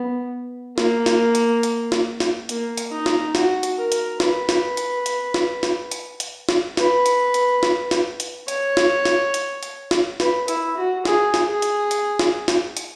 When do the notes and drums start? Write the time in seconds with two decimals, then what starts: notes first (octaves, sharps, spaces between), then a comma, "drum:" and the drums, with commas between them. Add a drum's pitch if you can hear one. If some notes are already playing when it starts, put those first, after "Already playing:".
Already playing: B3
0.78 A#3, drum: snare
1.06 drum: snare
1.35 drum: hi-hat
1.63 drum: hi-hat
1.92 drum: snare
2.20 drum: snare
2.49 A#3, drum: hi-hat
2.77 drum: hi-hat
2.92 D#4
3.06 drum: snare
3.35 F#4, drum: snare
3.63 drum: hi-hat
3.78 A#4
3.92 drum: hi-hat
4.20 B4, drum: snare
4.49 drum: snare
4.77 drum: hi-hat
5.06 drum: hi-hat
5.34 drum: snare
5.63 drum: snare
5.91 drum: hi-hat
6.20 drum: hi-hat
6.49 drum: snare
6.77 B4, drum: snare
7.06 drum: hi-hat
7.34 drum: hi-hat
7.63 drum: snare
7.91 drum: snare
8.20 drum: hi-hat
8.48 C#5, drum: hi-hat
8.77 drum: snare
9.05 drum: snare
9.34 drum: hi-hat
9.63 drum: hi-hat
9.91 drum: snare
10.20 B4, drum: snare
10.48 E4, drum: hi-hat
10.77 F#4
11.05 G#4, drum: snare
11.34 drum: snare
11.48 G#4
11.62 drum: hi-hat
11.91 drum: hi-hat
12.19 drum: snare
12.48 drum: snare
12.77 drum: hi-hat